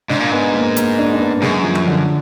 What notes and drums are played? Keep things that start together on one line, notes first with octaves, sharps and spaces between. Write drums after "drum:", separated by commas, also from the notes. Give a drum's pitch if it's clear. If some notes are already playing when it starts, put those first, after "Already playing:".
G#2 D4, drum: snare
A#2
G#2 B3
A#3
A#3, drum: hi-hat
D4
D4
B3
F#2 G#3, drum: snare
F3
drum: tom F3
D3